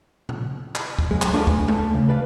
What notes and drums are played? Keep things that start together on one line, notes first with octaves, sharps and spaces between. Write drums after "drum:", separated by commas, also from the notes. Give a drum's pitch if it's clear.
drum: tom A#2
drum: clap
drum: kick
F#2 G#3
drum: clap
A3 D4 F4 B4 C5 D5
G#3, drum: kick
A3, drum: tom
C#3
B4 D5 F5